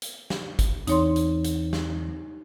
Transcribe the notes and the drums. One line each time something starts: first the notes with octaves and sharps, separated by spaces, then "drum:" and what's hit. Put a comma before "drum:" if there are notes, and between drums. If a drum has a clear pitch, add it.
drum: hi-hat
drum: snare
drum: kick, hi-hat
E2 E3 C4 D#4 C#5 C6, drum: hi-hat
drum: hi-hat
drum: hi-hat
drum: snare